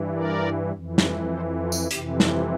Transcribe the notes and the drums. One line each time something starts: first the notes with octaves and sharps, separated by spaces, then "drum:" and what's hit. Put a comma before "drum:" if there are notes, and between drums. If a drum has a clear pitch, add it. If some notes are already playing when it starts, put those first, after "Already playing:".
Already playing: G2 E3
A#4 D5
F2 E3
drum: snare
A4 C5
F4 A4
drum: tambourine
F2 C3 E3 E4 G4, drum: hi-hat
E4 G4, drum: snare